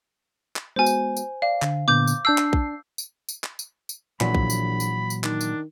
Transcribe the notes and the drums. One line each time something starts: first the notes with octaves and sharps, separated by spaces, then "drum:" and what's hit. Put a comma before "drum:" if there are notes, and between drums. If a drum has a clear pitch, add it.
drum: clap
G#3 B3 F#4 C5 G#5
drum: tambourine
drum: tambourine
D5 F5
D3, drum: clap
A#2 D3 B3 D6 G6
drum: tambourine
D4 A5 E6 G6 C7
drum: clap
drum: kick A#1
drum: tambourine
drum: tambourine
drum: clap
drum: tambourine
drum: tambourine
A#1 A#2 E3 F#3 B5, drum: clap
drum: kick A#1
drum: tambourine
drum: tambourine
drum: tambourine
D#3 D4, drum: clap
drum: tambourine